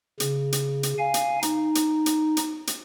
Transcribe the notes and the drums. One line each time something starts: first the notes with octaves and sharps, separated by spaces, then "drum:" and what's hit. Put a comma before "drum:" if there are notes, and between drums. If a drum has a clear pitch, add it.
C#3, drum: hi-hat
drum: hi-hat
drum: hi-hat
F5 G#5
drum: hi-hat
D#4, drum: hi-hat
drum: hi-hat
drum: hi-hat
drum: hi-hat
drum: hi-hat